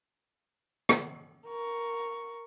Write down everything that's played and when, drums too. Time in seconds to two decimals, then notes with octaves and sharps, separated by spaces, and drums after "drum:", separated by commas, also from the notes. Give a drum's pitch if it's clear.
0.89 drum: rim click
1.47 A#4 C#6